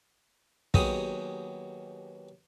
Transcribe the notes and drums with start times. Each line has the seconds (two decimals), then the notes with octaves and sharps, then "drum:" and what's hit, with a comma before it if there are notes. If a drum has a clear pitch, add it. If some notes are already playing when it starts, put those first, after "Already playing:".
0.74 D#2 F#3 B3 G4 G#4 D#6, drum: kick